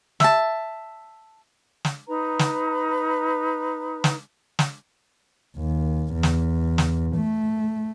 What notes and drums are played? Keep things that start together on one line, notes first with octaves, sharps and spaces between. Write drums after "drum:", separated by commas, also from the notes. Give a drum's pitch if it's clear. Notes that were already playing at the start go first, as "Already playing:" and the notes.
E5 A5, drum: snare
drum: snare
D#4 B4 A#5
drum: snare
drum: snare
drum: snare
D#2
E2
drum: snare
drum: snare
A3